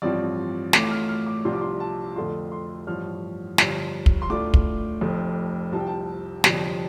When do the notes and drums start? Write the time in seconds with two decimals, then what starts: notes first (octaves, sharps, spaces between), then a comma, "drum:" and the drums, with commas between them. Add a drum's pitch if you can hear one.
0.02 A1 G2 F3 C4 F4 D5
0.73 A1 A2 A3 F4 D6, drum: snare
0.91 F6
1.09 F6
1.27 D6
1.45 C2 C3 F3 D4 F4 C6
1.53 D6
1.61 C6
1.80 A5
2.16 F2 D3 A3 F4 C6
2.52 C6
2.87 A1 G2 F3 F6
3.58 G1 G2 F3, drum: snare
4.06 drum: kick
4.22 C6
4.30 A2 A3 D4 F4 D6
4.54 drum: kick
5.01 F1 F2 F3 A3
5.72 C2 C3 F3 A5
5.80 G5
5.87 A5
6.44 G1 F2 C3 F3 D4, drum: snare